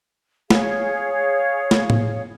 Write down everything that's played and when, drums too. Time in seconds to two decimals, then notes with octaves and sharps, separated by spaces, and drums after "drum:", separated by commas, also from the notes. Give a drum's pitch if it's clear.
0.50 G#4 C#5 F5, drum: snare
1.71 drum: snare
1.90 drum: tom A2